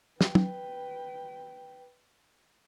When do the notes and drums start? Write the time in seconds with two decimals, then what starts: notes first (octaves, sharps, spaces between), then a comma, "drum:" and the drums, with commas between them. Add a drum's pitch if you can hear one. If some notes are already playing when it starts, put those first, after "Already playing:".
0.21 B4 G5, drum: snare
0.35 drum: tom